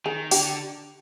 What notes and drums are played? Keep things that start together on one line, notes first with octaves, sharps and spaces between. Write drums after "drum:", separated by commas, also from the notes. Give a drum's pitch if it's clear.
D#3 G#4
D3 G4, drum: open hi-hat